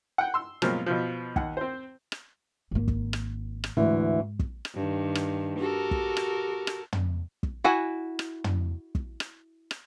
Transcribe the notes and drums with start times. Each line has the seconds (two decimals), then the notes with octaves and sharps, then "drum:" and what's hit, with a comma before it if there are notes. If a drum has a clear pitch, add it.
0.18 F#5 G5
0.34 C6 E6
0.62 B2 F3 F#3 G#3 A#3 C4, drum: rim click
0.86 B2 F3
1.36 D#2 F#5, drum: kick
1.57 C4 C5
2.12 drum: rim click
2.71 G#1 A#3
2.88 drum: kick
3.13 drum: rim click
3.64 drum: rim click
3.77 D2 G#2 E3
4.40 drum: kick
4.65 drum: rim click
4.75 G2 D#3
5.15 drum: rim click
5.59 F#4 G4 A4 A#4
5.91 drum: kick
6.17 drum: rim click
6.67 drum: rim click
6.92 drum: tom
7.43 drum: kick
7.64 E4 F#4 F#5 G#5
8.19 drum: rim click
8.44 drum: tom
8.95 drum: kick
9.20 drum: rim click
9.71 drum: rim click